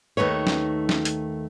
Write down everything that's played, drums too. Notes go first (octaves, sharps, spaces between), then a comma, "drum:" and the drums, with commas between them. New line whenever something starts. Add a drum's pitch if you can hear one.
D#2 D#3 A3 D#4 B4 C#5
drum: snare
drum: snare
drum: hi-hat